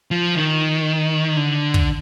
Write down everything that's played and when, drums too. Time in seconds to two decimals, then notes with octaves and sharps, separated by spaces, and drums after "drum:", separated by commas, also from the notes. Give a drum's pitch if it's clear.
0.11 F3
0.36 D#3
1.37 D3
1.74 drum: kick